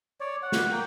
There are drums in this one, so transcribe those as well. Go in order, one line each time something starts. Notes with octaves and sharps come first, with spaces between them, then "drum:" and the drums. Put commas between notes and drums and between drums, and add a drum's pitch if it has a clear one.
C#5 D5
F#5
drum: snare
A#3 G5